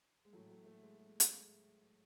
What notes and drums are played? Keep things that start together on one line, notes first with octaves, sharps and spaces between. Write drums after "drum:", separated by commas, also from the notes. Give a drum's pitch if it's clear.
G#3
A2 E3 F#3 A3
F#3 A3
F#3 A3
G#3
G#3
drum: hi-hat